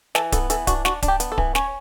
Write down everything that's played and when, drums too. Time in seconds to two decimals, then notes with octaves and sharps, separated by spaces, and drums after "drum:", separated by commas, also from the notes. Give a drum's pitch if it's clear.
0.15 E3 A4, drum: snare
0.32 B3 A4, drum: kick D1, hi-hat
0.50 E3 A4, drum: hi-hat
0.67 D4 F#4, drum: kick D1, hi-hat
0.85 D4 F#4, drum: snare
1.02 D4, drum: kick D1, hi-hat
1.08 G4
1.20 B3, drum: hi-hat
1.32 A4
1.38 E3, drum: kick D1
1.55 C#4 C#5, drum: snare